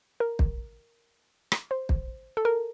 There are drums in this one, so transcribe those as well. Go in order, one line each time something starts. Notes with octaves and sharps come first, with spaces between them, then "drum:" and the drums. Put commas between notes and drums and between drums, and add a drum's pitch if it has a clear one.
A#4
drum: kick
drum: rim click
C5
drum: kick
A4
A#4